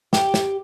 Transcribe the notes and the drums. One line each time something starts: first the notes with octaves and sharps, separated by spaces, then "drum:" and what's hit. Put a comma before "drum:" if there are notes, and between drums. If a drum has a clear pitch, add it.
G4, drum: snare
drum: snare